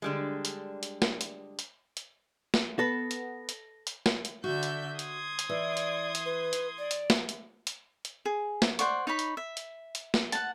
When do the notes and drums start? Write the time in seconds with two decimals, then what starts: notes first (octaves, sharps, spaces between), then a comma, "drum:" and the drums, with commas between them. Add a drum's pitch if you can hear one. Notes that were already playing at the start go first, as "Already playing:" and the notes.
0.02 D3 G3 G#3
0.45 drum: hi-hat
0.83 drum: hi-hat
1.02 drum: snare
1.21 drum: hi-hat
1.59 drum: hi-hat
1.97 drum: hi-hat
2.54 drum: snare
2.79 B3 A4 B4 A#6
3.11 drum: hi-hat
3.49 drum: hi-hat
3.87 drum: hi-hat
4.06 drum: snare
4.25 drum: hi-hat
4.44 D3 F#4 E5 G6
4.63 drum: hi-hat
4.99 C6 D#6 G#6, drum: hi-hat
5.39 drum: hi-hat
5.49 E3 D5
5.77 drum: hi-hat
6.15 drum: hi-hat
6.25 B4
6.53 drum: hi-hat
6.78 D5
6.91 drum: hi-hat
7.10 drum: snare
7.29 drum: hi-hat
7.67 drum: hi-hat
8.05 drum: hi-hat
8.25 G#4
8.62 drum: snare
8.79 C5 D5 F#5 C#6, drum: hi-hat
9.07 D#4 C#5 B5
9.19 drum: hi-hat
9.37 E5
9.57 drum: hi-hat
9.95 drum: hi-hat
10.14 drum: snare
10.32 F#5 A5, drum: hi-hat